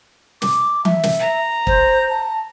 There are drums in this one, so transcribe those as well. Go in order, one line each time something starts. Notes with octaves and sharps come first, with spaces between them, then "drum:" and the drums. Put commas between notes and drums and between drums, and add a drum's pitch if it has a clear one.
D6, drum: snare
E5, drum: tom E3
drum: snare
A#5
C5, drum: kick
A5